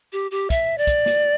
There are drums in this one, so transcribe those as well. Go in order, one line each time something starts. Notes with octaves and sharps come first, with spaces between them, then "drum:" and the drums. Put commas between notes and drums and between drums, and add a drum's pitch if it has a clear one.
G4
G4
E5, drum: kick, hi-hat
D5
drum: kick, hi-hat
drum: snare